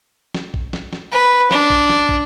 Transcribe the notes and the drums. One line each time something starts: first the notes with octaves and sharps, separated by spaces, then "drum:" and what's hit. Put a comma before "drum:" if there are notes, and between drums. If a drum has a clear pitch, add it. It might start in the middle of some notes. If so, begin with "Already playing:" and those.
drum: snare
drum: kick
drum: snare
drum: snare
B4
D4, drum: snare
drum: kick
drum: snare
drum: kick